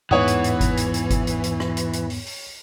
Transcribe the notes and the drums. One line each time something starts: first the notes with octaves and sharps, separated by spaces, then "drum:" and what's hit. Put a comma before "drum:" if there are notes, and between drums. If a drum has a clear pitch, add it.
E2 G#2 E3 B3 C#5 F#5 D#6, drum: tom A2
drum: hi-hat
drum: hi-hat
drum: kick G1, hi-hat
drum: hi-hat
drum: hi-hat
drum: kick G1, hi-hat
drum: hi-hat
drum: hi-hat
drum: rim click
drum: hi-hat
drum: hi-hat
drum: open hi-hat
drum: open hi-hat